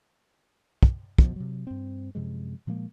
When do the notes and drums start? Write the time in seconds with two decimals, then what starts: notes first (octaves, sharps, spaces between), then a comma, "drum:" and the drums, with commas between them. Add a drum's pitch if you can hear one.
0.83 drum: kick
1.18 F#1 B2 F3, drum: kick
1.36 C3 F#3
1.67 G2 C4
2.15 F#2 C3 F3 G#3
2.67 A#2 F3 G#3 A#3